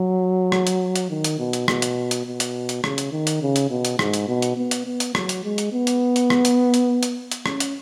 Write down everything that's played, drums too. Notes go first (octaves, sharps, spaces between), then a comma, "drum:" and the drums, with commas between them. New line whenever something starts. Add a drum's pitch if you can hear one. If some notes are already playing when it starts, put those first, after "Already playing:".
Already playing: F#3
drum: rim click
drum: hi-hat
drum: hi-hat
D#3
drum: hi-hat
B2
drum: hi-hat
B2, drum: rim click
drum: hi-hat
drum: hi-hat
B2
drum: hi-hat
drum: hi-hat
C#3, drum: rim click
drum: hi-hat
D#3
drum: hi-hat
C#3
drum: hi-hat
B2
drum: hi-hat
G#2, drum: rim click
drum: hi-hat
B2
drum: hi-hat
B3
drum: hi-hat
B3
drum: hi-hat
F#3, drum: rim click
drum: hi-hat
G#3
drum: hi-hat
B3
drum: hi-hat
drum: hi-hat
drum: rim click
drum: hi-hat
drum: hi-hat
drum: hi-hat
drum: hi-hat
C#4, drum: rim click
drum: hi-hat